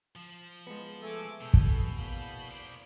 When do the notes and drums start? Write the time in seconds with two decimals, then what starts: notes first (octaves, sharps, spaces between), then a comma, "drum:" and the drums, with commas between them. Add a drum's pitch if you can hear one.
0.16 F3
0.67 G#3 B3
1.02 A3 A4 G#5 D6
1.41 B2 A4 G#5 G6
1.54 drum: kick
1.97 E2 A#3 B5 G6
2.51 C5 D5